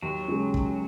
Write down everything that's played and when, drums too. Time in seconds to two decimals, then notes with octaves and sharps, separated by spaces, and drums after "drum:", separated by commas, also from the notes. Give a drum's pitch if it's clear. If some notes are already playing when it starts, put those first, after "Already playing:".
0.02 D#2 F#3
0.28 C#3 G#3 C#4
0.54 drum: kick